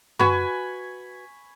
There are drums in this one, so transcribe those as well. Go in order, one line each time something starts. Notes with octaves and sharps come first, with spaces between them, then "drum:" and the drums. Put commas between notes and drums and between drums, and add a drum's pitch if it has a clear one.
F#4 B4 G#5 B5 C#6, drum: tom F#2